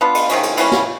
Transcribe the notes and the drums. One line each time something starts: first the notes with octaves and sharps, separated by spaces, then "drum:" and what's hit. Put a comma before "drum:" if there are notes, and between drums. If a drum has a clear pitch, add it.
B3 D4 F4
drum: cymbal
C3 D#3 G#3 C#4, drum: cymbal
drum: cymbal
E3 G3 A#3 C#4, drum: cymbal
drum: snare